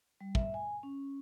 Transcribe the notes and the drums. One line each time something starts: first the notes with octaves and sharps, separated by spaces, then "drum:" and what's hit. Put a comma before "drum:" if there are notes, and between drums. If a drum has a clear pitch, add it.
G3
E5, drum: kick
G#5
C#4